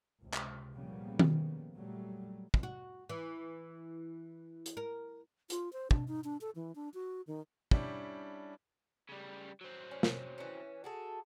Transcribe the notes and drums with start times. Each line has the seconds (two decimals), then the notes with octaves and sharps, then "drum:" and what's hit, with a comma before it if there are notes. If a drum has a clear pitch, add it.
0.22 C#2 C3
0.34 drum: clap
0.76 A#2 C#3 F3 G3 A#3 B3
1.19 drum: tom D#3
1.75 A#2 F#3 G3 A3
2.54 drum: kick
2.63 F#4
3.10 E3
4.66 drum: hi-hat
4.77 A#4
5.50 F4, drum: hi-hat
5.73 C5
5.91 D4, drum: kick
6.08 D#4
6.24 D4
6.41 A4
6.55 E3
6.75 D4
6.94 F#4
7.27 D#3
7.71 G3 C#4 D4 E4 G4, drum: kick
9.09 C#3 G3
9.61 F#3 C4
9.91 C#4
10.03 drum: snare
10.38 E3 C#4
10.84 F#4 G#4 A4